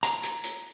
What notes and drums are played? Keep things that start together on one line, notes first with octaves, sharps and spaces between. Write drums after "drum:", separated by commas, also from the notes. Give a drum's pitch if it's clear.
A#5, drum: hi-hat
drum: hi-hat
drum: hi-hat